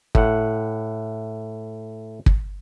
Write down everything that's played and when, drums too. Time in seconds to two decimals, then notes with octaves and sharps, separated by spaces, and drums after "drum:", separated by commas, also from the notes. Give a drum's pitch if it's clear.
0.15 A2 F#5, drum: kick
2.26 drum: kick